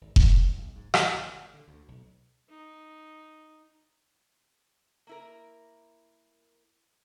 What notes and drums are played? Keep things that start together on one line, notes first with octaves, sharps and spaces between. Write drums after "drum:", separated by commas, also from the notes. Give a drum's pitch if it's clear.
G#1
A1, drum: kick F1
C#2
B1
G#2
D2, drum: rim click
G1
A#2
D3
D2
B1
D#4
A#3 E4 A#4